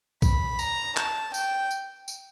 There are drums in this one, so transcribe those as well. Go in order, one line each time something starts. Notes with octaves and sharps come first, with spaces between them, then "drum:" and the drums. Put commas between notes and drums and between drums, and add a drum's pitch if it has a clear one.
B5, drum: kick, tambourine
A#5, drum: tambourine
A5, drum: clap
G5, drum: tambourine
drum: tambourine
drum: tambourine